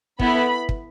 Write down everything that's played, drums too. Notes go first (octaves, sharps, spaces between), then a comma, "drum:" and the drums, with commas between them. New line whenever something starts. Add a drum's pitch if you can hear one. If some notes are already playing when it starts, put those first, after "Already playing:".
B3 E4 A4 B5, drum: kick
drum: kick